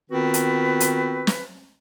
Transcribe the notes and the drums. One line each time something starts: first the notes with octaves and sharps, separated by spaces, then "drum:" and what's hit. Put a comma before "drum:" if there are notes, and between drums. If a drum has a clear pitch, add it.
D#3 B3 C4 F4 F#4 B4
drum: hi-hat
drum: hi-hat
drum: snare